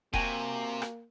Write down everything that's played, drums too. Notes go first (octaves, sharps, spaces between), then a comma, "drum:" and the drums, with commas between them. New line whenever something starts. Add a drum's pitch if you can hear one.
C3 A#3 F#4 G5 G#5, drum: kick E1
drum: rim click